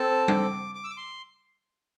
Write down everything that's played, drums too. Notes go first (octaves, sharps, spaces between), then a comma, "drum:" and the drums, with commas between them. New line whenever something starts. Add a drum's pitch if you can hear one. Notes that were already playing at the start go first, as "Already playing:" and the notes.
Already playing: C4 A4 A5
D6, drum: tom G3
D6
E6
D6
C6